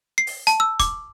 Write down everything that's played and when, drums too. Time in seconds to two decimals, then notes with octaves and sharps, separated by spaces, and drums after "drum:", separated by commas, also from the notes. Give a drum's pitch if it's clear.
0.18 C7
0.27 drum: open hi-hat
0.47 A5, drum: hi-hat
0.60 E6
0.80 D6, drum: kick, hi-hat